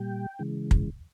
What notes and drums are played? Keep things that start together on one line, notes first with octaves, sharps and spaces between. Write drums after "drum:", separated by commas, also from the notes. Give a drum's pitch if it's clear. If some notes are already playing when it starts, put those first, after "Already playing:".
Already playing: A#2 G3 G5
C#3 E3 G#3
drum: kick